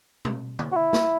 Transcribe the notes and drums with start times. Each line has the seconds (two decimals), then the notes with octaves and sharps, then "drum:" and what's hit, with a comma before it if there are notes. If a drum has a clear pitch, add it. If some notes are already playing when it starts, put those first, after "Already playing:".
0.25 drum: tom B2
0.59 drum: tom D3
0.72 F#4
0.76 E4
0.93 drum: snare